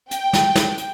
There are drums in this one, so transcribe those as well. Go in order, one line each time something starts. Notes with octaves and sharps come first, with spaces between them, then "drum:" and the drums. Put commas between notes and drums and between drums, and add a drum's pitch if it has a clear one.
G5, drum: hi-hat
drum: snare
drum: snare
drum: hi-hat